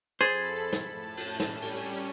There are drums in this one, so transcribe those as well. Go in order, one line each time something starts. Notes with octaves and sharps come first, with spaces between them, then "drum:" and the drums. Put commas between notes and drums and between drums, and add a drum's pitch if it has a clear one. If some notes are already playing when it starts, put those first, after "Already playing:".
F2 G#4 A4 C5 B5 G#6 A6
drum: snare
A2 A5
drum: cymbal
G3 C#4 A5, drum: snare
drum: cymbal